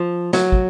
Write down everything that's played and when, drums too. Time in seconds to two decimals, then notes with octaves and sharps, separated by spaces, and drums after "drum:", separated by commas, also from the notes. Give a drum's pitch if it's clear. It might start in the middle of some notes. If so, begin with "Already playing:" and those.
Already playing: F3
0.33 F#3, drum: snare
0.52 drum: kick